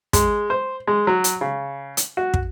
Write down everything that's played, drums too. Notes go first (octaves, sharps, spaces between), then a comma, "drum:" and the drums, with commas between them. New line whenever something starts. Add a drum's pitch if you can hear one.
G#3, drum: kick, hi-hat
C5
G#3
F#3
drum: hi-hat
C#3
drum: hi-hat
F#4
drum: kick